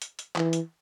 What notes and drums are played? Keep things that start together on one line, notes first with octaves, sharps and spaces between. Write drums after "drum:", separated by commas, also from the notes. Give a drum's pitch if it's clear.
drum: hi-hat
drum: hi-hat
E3, drum: clap
drum: hi-hat